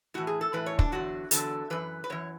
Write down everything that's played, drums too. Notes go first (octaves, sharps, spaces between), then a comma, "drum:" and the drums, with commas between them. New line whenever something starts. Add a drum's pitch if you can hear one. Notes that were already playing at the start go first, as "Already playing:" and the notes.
A2 E3 F#4
G#4
A4
A2 E3 B4
C#5
D4, drum: kick
E2 D3 F#3 F#4
E2 D3 F#3 A4, drum: hi-hat
F#2 E3 B4
B4
F#2 E3 C#5